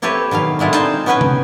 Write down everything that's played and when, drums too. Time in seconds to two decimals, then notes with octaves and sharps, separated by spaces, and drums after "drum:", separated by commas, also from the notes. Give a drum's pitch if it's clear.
0.02 C4 E4 G4 A4 B4 C#5
0.31 B2 D#3 F#3 F5
0.59 D3 G#3 E4 F4
0.73 C4 D#4 C5 G#5 A5, drum: hi-hat
1.06 B3 C#4 F#4 B4 G5 G#5
1.21 drum: tom